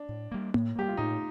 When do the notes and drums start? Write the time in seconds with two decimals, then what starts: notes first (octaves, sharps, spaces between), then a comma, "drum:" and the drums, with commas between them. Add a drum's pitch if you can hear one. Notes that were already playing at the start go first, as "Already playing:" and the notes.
Already playing: D4
0.09 A2
0.31 G3 A#3
0.54 A2, drum: tom A#3
0.76 G3 A#3 G4
0.89 F4
0.97 A2 D#4